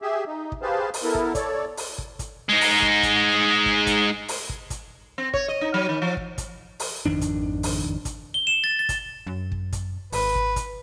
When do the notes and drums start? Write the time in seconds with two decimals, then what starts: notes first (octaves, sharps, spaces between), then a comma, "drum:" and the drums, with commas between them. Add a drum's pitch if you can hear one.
0.02 G4 G#4 E5
0.27 D#4
0.52 drum: kick
0.62 G4 G#4 B4 C5 F5 A5
0.94 drum: open hi-hat
1.03 B3 E4 A4 A#4
1.15 drum: kick
1.35 A4 C#5 D5, drum: kick, hi-hat
1.77 drum: open hi-hat
1.98 drum: kick
2.19 drum: kick, hi-hat
2.49 G#3 D#4
2.61 drum: open hi-hat
2.82 drum: kick
3.03 drum: kick, hi-hat
3.66 drum: kick
3.87 drum: kick, hi-hat
4.28 drum: open hi-hat
4.49 drum: kick
4.70 drum: kick, hi-hat
5.18 C4
5.34 C#5, drum: kick
5.48 D#5
5.61 D#4
5.74 F#3
5.89 D#3
6.02 F3
6.17 drum: kick
6.38 drum: kick, hi-hat
6.80 drum: open hi-hat
7.06 G#1 F2 D#3 D4
7.21 drum: kick, hi-hat
7.63 drum: open hi-hat
7.84 drum: kick
8.05 drum: kick, hi-hat
8.34 G7
8.47 E7
8.64 A6
8.79 A6
8.89 drum: kick, hi-hat
9.27 F#2
9.52 drum: kick
9.72 drum: kick, hi-hat
10.12 G#1 B4, drum: open hi-hat
10.35 drum: kick
10.56 drum: kick, hi-hat